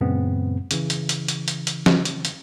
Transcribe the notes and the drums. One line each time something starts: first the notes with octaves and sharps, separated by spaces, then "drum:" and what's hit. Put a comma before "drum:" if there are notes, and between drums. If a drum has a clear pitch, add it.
F#2 A#2 C#3 G#3 B3 C4
C#3 E3, drum: hi-hat
drum: hi-hat
drum: hi-hat
drum: hi-hat
drum: hi-hat
drum: hi-hat
drum: snare
drum: hi-hat
drum: hi-hat